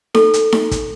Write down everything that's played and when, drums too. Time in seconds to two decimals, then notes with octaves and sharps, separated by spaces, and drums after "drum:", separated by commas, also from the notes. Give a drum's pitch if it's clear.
0.15 A4, drum: snare D#4
0.33 drum: hi-hat
0.52 drum: snare D#4
0.71 drum: kick, hi-hat